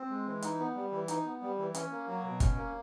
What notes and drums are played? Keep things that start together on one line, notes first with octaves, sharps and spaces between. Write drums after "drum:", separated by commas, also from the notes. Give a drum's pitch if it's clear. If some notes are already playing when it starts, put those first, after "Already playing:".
Already playing: C4
G#3
E3
D#4, drum: hi-hat
B3
G3
E3
D#4, drum: hi-hat
B3
G3
E3
C#4, drum: hi-hat
A#3
F#3
B2
C#4, drum: kick, hi-hat
A#3